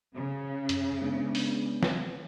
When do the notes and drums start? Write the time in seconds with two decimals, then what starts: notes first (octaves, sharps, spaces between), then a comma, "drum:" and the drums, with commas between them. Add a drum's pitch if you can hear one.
0.15 C#3
0.69 F#2, drum: hi-hat
1.02 G#3 B3 D4
1.35 drum: open hi-hat
1.83 drum: snare